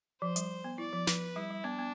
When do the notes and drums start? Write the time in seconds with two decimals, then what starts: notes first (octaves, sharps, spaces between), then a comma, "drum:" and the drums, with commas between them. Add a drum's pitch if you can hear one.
0.22 F3 C5
0.36 G3, drum: hi-hat
0.64 B3
0.78 E4 D5
0.93 F3
1.07 F3 B4, drum: snare
1.36 G3 E4
1.50 G3
1.64 B3 D4
1.79 B3